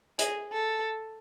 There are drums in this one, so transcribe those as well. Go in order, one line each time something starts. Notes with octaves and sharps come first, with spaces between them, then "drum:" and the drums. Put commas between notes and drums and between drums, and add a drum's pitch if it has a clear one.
G#4, drum: hi-hat
A4